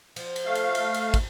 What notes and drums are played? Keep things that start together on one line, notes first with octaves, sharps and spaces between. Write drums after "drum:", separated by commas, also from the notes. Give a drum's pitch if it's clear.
F3, drum: cymbal
drum: cymbal
A3 F5
drum: cymbal
drum: cymbal
drum: cymbal
drum: kick, cymbal